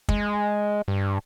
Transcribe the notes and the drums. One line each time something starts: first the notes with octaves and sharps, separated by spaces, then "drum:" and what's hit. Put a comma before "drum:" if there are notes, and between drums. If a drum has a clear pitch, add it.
G#3, drum: kick
G2